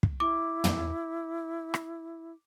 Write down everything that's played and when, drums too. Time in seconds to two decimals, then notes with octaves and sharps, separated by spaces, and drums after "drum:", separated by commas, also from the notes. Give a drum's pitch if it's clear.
0.03 drum: kick
0.20 E4 D6
0.64 drum: tom
1.74 drum: rim click